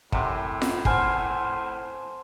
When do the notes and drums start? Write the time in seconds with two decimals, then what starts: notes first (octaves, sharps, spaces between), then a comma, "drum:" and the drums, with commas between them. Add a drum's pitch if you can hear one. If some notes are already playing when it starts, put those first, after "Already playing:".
0.12 F#2 A2 C3, drum: kick
0.62 drum: snare F4
0.85 C5 F#5 G#5 A5 F6 C7, drum: kick